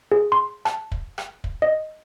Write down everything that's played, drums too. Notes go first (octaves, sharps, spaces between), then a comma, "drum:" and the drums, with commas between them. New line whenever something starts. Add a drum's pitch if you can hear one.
G#4
C6
A5, drum: rim click
drum: kick
drum: rim click
drum: kick
D#5